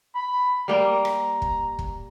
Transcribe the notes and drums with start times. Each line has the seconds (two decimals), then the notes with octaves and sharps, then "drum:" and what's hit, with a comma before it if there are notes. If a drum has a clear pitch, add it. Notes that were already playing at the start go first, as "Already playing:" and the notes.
0.15 B5
0.68 G3 A#3 G5 A#5
1.05 drum: rim click
1.42 drum: kick
1.79 drum: kick